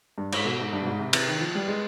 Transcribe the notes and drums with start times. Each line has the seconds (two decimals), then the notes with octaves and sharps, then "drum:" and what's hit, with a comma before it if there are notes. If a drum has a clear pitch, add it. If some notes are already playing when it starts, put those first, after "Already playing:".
0.18 G2
0.32 G#2, drum: cymbal
0.45 B2
0.59 G#2
0.73 G2
0.82 B2
0.87 G#2
1.00 C3
1.13 C3, drum: cymbal
1.28 D#3
1.41 F3
1.55 G3
1.68 G#3